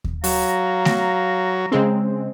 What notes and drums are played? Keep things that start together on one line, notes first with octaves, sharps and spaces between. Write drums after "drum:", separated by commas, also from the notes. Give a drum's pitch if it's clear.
drum: kick D#2
F#3 F5 A#5, drum: open hi-hat
drum: snare A3
C#3 G#3 C4